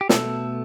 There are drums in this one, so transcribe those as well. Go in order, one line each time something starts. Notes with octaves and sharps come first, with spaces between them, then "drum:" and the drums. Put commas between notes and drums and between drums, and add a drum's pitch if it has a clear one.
G4
B2 A3 A4, drum: snare